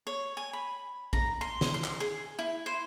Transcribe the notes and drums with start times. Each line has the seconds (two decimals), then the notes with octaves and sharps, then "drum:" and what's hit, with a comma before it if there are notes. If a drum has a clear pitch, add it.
0.07 C#5
0.37 G#5
0.53 B5
1.13 A#5, drum: kick A#1
1.41 C6
1.61 drum: snare
1.74 C6
1.84 drum: clap
2.00 G#4
2.39 E4
2.66 C5